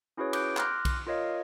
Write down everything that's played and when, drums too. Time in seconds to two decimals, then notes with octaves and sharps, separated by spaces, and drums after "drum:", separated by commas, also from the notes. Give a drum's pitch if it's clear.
0.17 C#4 E4 F#4 G#4 B4 C#5
0.33 D6 F#6 G6 D7, drum: cymbal
0.57 C6 D6 F6 F#6 A#6, drum: clap
0.85 drum: kick B1, cymbal
1.07 F4 A#4 C#5 D#5 F5